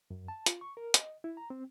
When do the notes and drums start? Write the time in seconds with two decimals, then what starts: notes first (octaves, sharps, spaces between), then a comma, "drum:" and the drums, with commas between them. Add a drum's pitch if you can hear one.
0.11 F#2
0.28 A5
0.46 F4, drum: hi-hat
0.61 C#6
0.77 A#4
0.94 D#5, drum: hi-hat
1.24 E4
1.37 A#5
1.50 C4